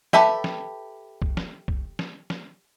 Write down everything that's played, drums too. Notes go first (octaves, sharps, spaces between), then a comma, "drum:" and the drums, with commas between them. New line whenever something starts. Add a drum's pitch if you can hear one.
G4 A4 B4 E5 G5, drum: snare
drum: snare
drum: kick
drum: snare
drum: kick
drum: snare
drum: snare